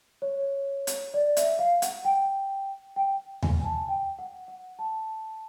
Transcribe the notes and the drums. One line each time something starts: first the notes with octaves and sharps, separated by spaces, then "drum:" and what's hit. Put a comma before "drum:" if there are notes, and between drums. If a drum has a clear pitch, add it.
C#5
drum: hi-hat
D5
E5, drum: hi-hat
F5
F#5, drum: hi-hat
G5
G5
G#5, drum: tom D#2
G#5
A5
G5
F#5
F#5
A5